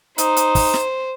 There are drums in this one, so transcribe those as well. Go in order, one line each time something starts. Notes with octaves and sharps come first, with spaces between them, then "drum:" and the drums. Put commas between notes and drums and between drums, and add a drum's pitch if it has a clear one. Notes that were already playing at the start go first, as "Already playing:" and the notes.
D#4 C5, drum: hi-hat
drum: hi-hat
drum: kick, open hi-hat
drum: snare